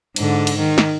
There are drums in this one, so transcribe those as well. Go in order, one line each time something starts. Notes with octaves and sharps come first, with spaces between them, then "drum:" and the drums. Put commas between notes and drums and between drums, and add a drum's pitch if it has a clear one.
G#2 D3, drum: cymbal
drum: cymbal
D#3
drum: snare